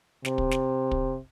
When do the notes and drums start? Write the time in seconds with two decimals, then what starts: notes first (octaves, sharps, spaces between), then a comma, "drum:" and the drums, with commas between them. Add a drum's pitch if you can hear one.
0.25 C3, drum: snare
0.38 drum: kick
0.51 drum: snare
0.91 drum: kick